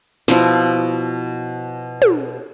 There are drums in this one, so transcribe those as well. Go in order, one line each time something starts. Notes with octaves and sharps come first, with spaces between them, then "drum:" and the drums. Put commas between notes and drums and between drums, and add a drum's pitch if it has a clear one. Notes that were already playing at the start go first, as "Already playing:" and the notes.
B2 F3 E4, drum: snare
drum: tom